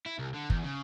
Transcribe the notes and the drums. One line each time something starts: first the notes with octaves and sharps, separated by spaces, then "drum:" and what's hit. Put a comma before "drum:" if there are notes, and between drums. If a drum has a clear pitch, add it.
E4
C2
D3
E2, drum: kick
C#3